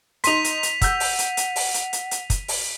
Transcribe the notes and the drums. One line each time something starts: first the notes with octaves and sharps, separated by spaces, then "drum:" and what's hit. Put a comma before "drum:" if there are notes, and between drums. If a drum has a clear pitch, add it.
D#4 C6 B6 D#7 F7, drum: hi-hat
drum: hi-hat
drum: hi-hat
F#5 E6 G6, drum: kick, hi-hat
drum: open hi-hat
drum: hi-hat
drum: hi-hat
drum: open hi-hat
drum: hi-hat
drum: hi-hat
drum: hi-hat
drum: kick, hi-hat
drum: open hi-hat